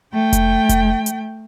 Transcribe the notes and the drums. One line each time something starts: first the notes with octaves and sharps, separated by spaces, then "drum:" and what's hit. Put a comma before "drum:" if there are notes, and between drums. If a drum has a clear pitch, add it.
A3 G5
drum: kick F1, hi-hat
drum: kick F1, hi-hat
drum: hi-hat